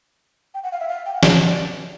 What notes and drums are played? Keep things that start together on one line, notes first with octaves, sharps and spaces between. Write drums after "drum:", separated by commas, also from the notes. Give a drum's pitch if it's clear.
G5
F#5
F5
E5
F5
G5
F#5
D#5, drum: snare
C#5
D5